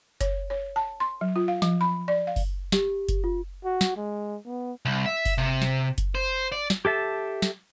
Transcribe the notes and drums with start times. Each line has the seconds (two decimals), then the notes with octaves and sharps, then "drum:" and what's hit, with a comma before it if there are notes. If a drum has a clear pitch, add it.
0.21 C#5, drum: kick F#1, hi-hat
0.50 C#5
0.76 A5
1.00 C6
1.21 F#3
1.36 F4
1.48 F5
1.62 F3, drum: snare
1.81 B5
2.08 D5
2.27 F5
2.36 drum: kick F#1, open hi-hat
2.72 G4, drum: snare
3.09 drum: kick F#1, hi-hat
3.24 F4
3.65 F#4
3.81 drum: snare
3.96 G#3
4.45 B3
4.85 C2
5.06 E5
5.25 drum: kick F#1, open hi-hat
5.38 C3
5.62 drum: snare
5.98 drum: kick F#1, hi-hat
6.15 C5
6.52 D5
6.70 drum: snare
6.85 G4 A4 E5 A5
7.42 drum: snare